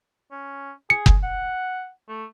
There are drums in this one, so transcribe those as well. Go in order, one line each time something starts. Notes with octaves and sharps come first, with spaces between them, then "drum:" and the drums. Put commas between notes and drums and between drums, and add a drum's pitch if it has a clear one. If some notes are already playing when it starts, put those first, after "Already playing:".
C#4
G#4 C#7
drum: kick F#1
F#5
A3